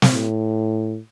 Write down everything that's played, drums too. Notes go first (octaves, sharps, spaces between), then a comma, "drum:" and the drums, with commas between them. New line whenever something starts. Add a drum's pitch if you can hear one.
drum: snare
A2